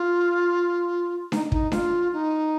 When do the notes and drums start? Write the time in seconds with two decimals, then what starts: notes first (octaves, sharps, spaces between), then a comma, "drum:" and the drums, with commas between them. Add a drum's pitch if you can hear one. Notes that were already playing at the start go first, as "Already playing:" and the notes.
Already playing: F4
1.32 D#4, drum: snare D4
1.52 D#4, drum: kick
1.72 F4, drum: snare D4
2.13 D#4